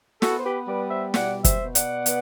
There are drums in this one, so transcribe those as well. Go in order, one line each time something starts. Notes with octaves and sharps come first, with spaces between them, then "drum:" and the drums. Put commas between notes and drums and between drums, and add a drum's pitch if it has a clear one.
B3 F#4 A4, drum: snare
C5
G4 B4
G3 B4 D5
C5 E5
B2 D5 F#5, drum: snare
C5 E5, drum: kick, hi-hat
B2
D5 F#5, drum: hi-hat
B3, drum: hi-hat